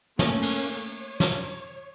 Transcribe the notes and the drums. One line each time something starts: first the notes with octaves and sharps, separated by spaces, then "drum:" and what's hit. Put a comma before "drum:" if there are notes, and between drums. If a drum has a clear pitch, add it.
A3 A#3 C#4, drum: snare
drum: cymbal
C#5
drum: snare